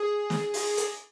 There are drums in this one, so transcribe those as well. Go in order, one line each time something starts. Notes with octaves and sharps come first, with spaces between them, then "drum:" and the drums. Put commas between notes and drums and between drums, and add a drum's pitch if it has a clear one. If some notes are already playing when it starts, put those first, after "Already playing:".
Already playing: G#4
drum: snare
drum: open hi-hat
drum: hi-hat